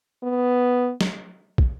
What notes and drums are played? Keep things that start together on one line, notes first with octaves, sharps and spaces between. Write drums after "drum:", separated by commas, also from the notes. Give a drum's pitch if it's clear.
B3
drum: snare
drum: kick